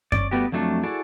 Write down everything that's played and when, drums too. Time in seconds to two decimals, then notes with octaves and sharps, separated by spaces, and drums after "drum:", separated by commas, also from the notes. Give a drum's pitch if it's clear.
0.12 C#4 D5, drum: kick F#2
0.31 G3 A3 B3 F#4 G4
0.52 F2 F#3 A3 D4 A4
0.83 E4 F#4 G#4 A4 D5